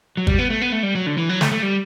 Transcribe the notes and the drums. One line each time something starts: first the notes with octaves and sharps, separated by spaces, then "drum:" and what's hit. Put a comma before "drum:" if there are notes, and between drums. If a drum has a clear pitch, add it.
F#3
G3, drum: kick
B3
A3
B3
A3
G3
F#3
D3
E3
F#3
A3, drum: snare
A3
G3